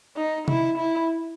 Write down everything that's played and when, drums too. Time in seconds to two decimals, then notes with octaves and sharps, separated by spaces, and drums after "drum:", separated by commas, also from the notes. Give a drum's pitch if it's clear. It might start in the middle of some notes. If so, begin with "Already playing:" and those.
0.17 D#4
0.48 E4, drum: tom C3
0.78 E4